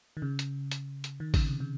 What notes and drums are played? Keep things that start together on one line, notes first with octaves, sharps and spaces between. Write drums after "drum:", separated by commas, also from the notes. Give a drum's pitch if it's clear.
D#3
C#3
drum: hi-hat
drum: hi-hat
drum: hi-hat
D#3
C#3, drum: kick G#1, open hi-hat
C3
C#3